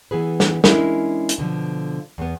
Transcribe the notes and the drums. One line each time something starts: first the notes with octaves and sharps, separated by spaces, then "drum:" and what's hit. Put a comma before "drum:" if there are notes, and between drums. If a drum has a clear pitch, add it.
E3 B3 G#4 B4
drum: snare
G#3 C#4 D4 E4 A4 A#4, drum: snare
drum: hi-hat
B2 D3 E3 F3
E2 B3